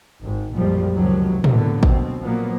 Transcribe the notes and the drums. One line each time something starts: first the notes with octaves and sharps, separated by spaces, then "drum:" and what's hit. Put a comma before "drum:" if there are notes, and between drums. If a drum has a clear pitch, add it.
G#1
B1 F#2 A#2 F3 G3 G#3
F1 C#2 C3 D#3 F3 F#3
A2 D3 F#3 A#3 B3, drum: tom
B2 C4, drum: kick A1
A#2 F3 F#3 A#3 B3